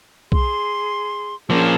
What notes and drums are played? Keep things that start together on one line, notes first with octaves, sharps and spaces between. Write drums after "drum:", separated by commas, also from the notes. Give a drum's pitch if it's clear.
G#4 C6, drum: kick B1
F3 A#3 C#4 G#4 A5